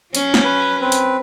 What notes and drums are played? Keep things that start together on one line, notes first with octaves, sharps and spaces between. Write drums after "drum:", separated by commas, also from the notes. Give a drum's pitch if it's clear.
F#3 C#4, drum: hi-hat
drum: snare
B4
C4 B4
drum: hi-hat